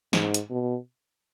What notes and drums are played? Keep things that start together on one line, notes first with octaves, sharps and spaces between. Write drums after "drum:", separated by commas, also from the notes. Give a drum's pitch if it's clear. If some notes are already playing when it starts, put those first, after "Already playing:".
G#2, drum: snare
drum: hi-hat
B2